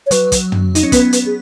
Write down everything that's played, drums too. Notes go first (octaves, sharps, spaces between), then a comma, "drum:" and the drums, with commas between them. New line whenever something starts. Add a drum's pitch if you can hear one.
C#5
F#3 B4, drum: hi-hat
drum: kick, hi-hat
drum: tom
D#4, drum: hi-hat
C#4
B3 B4, drum: kick, hi-hat
B4, drum: hi-hat
G#4